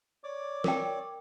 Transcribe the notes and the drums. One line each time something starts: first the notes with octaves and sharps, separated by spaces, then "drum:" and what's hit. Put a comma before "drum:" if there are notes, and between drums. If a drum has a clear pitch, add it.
C#5 D5 D6
A#4 G5, drum: snare